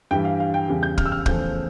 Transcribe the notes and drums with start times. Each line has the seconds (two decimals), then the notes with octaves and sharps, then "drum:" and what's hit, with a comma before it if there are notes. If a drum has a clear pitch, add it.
0.11 G2 E3 G3 G5
0.25 F5
0.40 F5
0.54 G5
0.68 E2 C#3 G3
0.83 G6
0.98 F6, drum: kick
1.06 E6
1.12 F6
1.26 E2 C#3 F3 A3 G6, drum: kick